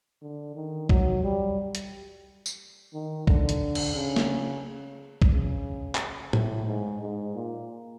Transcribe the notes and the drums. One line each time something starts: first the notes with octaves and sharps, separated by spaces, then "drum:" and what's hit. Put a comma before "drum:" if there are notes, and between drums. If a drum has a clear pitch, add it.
D3
D#3
F#3, drum: kick B1
G3
drum: hi-hat
drum: tambourine
D#3
D3, drum: kick B1
drum: hi-hat
drum: cymbal
C#3
drum: snare
drum: kick B1
C#3
drum: clap
A2, drum: tom A2
G#2
G#2
A#2